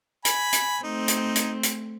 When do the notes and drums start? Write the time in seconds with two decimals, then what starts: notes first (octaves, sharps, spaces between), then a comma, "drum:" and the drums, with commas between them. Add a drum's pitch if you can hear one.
0.25 G#5 B5, drum: hi-hat
0.53 drum: hi-hat
0.84 A3 C4 D#4
1.08 drum: hi-hat
1.36 drum: hi-hat
1.63 drum: hi-hat